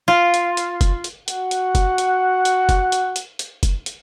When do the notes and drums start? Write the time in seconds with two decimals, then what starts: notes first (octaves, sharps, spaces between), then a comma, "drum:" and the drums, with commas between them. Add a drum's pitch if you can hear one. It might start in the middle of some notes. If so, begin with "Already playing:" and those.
0.08 F4
0.34 drum: hi-hat
0.57 drum: hi-hat
0.81 drum: kick F#1, hi-hat
1.04 drum: hi-hat
1.28 F#4 F#5, drum: hi-hat
1.51 drum: hi-hat
1.75 drum: kick F#1, hi-hat
1.98 drum: hi-hat
2.45 drum: hi-hat
2.69 drum: kick F#1, hi-hat
2.92 drum: hi-hat
3.16 drum: hi-hat
3.39 drum: hi-hat
3.63 drum: kick F#1, hi-hat
3.86 drum: hi-hat